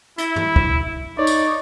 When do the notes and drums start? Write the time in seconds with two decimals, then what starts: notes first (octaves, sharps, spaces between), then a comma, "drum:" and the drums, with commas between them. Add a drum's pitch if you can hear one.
0.18 E4, drum: hi-hat
0.36 drum: tom
0.56 drum: kick
1.18 D#4 C#5 D5
1.27 drum: tambourine